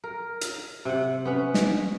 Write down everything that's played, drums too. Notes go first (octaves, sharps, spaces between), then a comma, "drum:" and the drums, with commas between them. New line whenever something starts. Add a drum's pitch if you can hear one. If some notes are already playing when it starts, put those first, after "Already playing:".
A#4
drum: hi-hat
C3 F#5
B3 C#4 B4
drum: snare